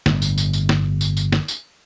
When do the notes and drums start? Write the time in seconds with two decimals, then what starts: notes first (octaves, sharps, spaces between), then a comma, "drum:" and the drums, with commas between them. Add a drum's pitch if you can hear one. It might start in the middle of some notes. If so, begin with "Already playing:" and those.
0.06 G1 A2, drum: snare
0.22 drum: tambourine
0.38 drum: tambourine
0.53 drum: tambourine
0.69 drum: snare
1.01 drum: tambourine
1.17 drum: tambourine
1.32 drum: snare
1.48 drum: tambourine